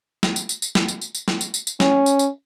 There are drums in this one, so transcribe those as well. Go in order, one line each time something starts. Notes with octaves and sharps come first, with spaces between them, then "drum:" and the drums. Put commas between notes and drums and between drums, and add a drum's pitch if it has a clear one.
drum: snare
drum: tambourine
drum: tambourine
drum: tambourine
drum: snare
drum: tambourine
drum: tambourine
drum: tambourine
drum: snare
drum: tambourine
drum: tambourine
drum: tambourine
C#4, drum: snare
drum: tambourine
drum: tambourine